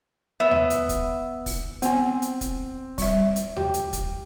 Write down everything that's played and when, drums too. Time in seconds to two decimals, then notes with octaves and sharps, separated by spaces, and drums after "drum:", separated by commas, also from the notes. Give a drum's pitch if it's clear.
0.40 B3 E5
0.51 drum: tom D#2
0.70 drum: hi-hat
0.89 drum: kick, hi-hat
1.46 drum: kick, open hi-hat
1.82 B3 C4 G#5, drum: hi-hat
2.22 drum: hi-hat
2.41 drum: kick, hi-hat
2.98 G3 E5, drum: kick, open hi-hat
3.36 drum: hi-hat
3.56 G4 G5, drum: tom D#2
3.74 drum: hi-hat
3.93 drum: kick, hi-hat